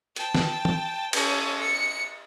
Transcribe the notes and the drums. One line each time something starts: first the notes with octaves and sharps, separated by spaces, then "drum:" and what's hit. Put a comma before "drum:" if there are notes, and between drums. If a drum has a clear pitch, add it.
G5 A5, drum: hi-hat
drum: snare
drum: tom
C#4 A4, drum: cymbal
C#7